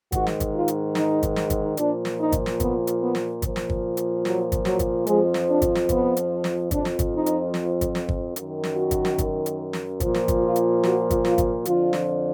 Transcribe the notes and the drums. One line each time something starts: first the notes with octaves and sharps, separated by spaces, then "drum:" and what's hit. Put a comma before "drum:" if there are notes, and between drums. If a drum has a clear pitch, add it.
G#2 D#3 F#4, drum: kick, hi-hat
drum: snare
drum: kick, hi-hat
F4
drum: hi-hat
D#4, drum: snare
drum: kick, hi-hat
drum: snare
drum: kick, hi-hat
A#2 F3 D4, drum: hi-hat
drum: snare
D#4
drum: kick, hi-hat
drum: snare
B3, drum: kick, hi-hat
drum: hi-hat
B3
drum: snare
A#2 F3, drum: kick, hi-hat
drum: snare
drum: kick
drum: hi-hat
F#3, drum: snare
drum: kick, hi-hat
F#3, drum: snare
drum: kick, hi-hat
F2 F3 G#3, drum: hi-hat
drum: snare
D4
drum: kick, hi-hat
drum: snare
B3, drum: kick, hi-hat
drum: hi-hat
drum: snare
F2 F3 D4, drum: kick, hi-hat
drum: snare
drum: kick, hi-hat
D#4
drum: hi-hat
drum: snare
drum: kick, hi-hat
drum: snare
drum: kick
F#2 D#3, drum: hi-hat
drum: snare
F#4
drum: kick, hi-hat
drum: snare
drum: kick, hi-hat
drum: hi-hat
drum: snare
A#2 F3, drum: kick, hi-hat
drum: snare
drum: kick, hi-hat
F4
drum: hi-hat
F#4, drum: snare
drum: kick, hi-hat
F4, drum: snare
drum: kick, hi-hat
F2 D3 F3 F4, drum: hi-hat
drum: snare